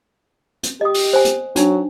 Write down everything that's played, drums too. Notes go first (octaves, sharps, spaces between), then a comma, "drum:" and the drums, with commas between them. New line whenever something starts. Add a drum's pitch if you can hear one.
drum: hi-hat
G4 D#5 D#6
drum: open hi-hat
C5 G#5
drum: hi-hat
F#3 D4 D#4, drum: hi-hat